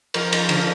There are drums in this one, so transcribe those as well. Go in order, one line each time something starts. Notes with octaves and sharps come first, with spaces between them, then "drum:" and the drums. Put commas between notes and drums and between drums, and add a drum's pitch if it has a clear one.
F3 A#4, drum: cymbal
F3, drum: cymbal
D3, drum: cymbal